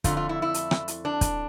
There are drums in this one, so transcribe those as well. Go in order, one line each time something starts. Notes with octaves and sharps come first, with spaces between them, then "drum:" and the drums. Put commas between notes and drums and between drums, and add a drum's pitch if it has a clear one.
F2 D3 A3 F4, drum: kick, hi-hat
F4
E4
E4
drum: hi-hat
drum: rim click
drum: hi-hat
D4
drum: kick, hi-hat